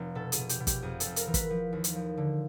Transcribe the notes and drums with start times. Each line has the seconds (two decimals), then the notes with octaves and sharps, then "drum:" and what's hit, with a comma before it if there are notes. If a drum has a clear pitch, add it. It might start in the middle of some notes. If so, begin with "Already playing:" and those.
Already playing: F1
0.15 B2 A4
0.32 G#4, drum: hi-hat
0.38 B2
0.49 G4, drum: hi-hat
0.60 B2
0.67 G4, drum: kick G1, hi-hat
0.82 F2 G#4
1.00 A4, drum: hi-hat
1.05 F2
1.16 A#4, drum: hi-hat
1.27 E3 A#4
1.34 B4, drum: kick G1, hi-hat
1.50 F3
1.73 D#2
1.84 drum: hi-hat
1.95 F3
2.17 D3